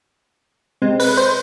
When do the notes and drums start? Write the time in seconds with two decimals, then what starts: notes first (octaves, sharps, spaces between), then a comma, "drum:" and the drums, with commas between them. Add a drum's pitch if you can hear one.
0.82 C3 G#3 C4
1.00 B4, drum: open hi-hat
1.17 C5